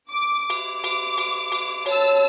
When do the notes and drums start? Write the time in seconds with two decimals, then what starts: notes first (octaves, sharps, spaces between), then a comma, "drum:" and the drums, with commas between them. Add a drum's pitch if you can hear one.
0.10 D6
0.50 drum: cymbal
0.60 D6
0.84 drum: cymbal
1.18 drum: cymbal
1.52 drum: cymbal
1.86 C#5 A5 E6, drum: cymbal